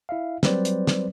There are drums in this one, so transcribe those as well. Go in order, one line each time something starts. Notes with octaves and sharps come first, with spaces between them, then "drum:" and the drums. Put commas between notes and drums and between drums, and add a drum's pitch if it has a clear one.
E4 E5 F5
F#3 G3 C4 B4 C5 D5, drum: snare
drum: hi-hat
drum: snare